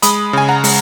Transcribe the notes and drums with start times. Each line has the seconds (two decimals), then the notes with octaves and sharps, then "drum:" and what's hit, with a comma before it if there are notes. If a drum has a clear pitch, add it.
0.02 G#3 B5 D#6, drum: hi-hat
0.33 C#3 G#5
0.49 F#5 A#5
0.64 G#3, drum: open hi-hat